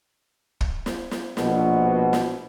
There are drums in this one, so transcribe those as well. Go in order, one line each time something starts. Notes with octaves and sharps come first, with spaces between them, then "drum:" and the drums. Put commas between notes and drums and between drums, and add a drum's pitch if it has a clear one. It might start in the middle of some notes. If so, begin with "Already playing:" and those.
drum: kick
drum: snare
drum: snare
A#1 B2, drum: snare
drum: snare